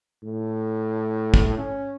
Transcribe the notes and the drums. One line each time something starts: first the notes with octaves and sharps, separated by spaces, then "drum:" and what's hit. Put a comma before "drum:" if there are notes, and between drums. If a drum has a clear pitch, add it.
A2
drum: kick
C#4